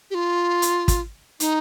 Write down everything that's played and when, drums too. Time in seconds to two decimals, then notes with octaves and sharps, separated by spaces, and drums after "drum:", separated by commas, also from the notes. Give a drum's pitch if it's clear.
0.10 G4
0.14 F4
0.62 drum: hi-hat
0.88 drum: kick, hi-hat
1.40 D#4, drum: hi-hat